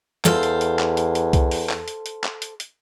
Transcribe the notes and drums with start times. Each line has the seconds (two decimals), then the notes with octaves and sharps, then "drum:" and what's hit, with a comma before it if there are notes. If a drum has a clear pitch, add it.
0.25 E2 A4 C5 F5, drum: clap
0.43 drum: hi-hat
0.61 drum: hi-hat
0.79 drum: clap
0.97 drum: hi-hat
1.15 drum: hi-hat
1.33 drum: kick C2, hi-hat
1.51 drum: open hi-hat
1.70 drum: clap
1.88 drum: hi-hat
2.06 drum: hi-hat
2.24 drum: clap
2.42 drum: hi-hat
2.60 drum: hi-hat